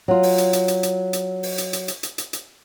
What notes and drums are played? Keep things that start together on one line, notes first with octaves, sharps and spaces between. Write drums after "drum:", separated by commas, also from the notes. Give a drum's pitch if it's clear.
F#3 F4
drum: open hi-hat
drum: hi-hat
drum: hi-hat
drum: hi-hat
drum: hi-hat
drum: hi-hat
drum: open hi-hat
drum: hi-hat
drum: hi-hat
drum: hi-hat
drum: hi-hat
drum: hi-hat
drum: hi-hat